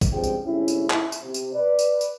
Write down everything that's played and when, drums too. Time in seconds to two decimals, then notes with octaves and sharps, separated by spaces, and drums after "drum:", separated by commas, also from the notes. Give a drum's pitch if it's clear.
0.01 drum: kick, tambourine
0.11 C#2 G2 F3 C4 G#4 G5
0.24 drum: tambourine
0.44 D2 G#2 C3 C#4 E4
0.68 drum: tambourine
0.90 E4, drum: clap
1.12 drum: tambourine
1.22 C3
1.34 drum: tambourine
1.53 B4 D5
1.79 drum: tambourine
2.01 drum: tambourine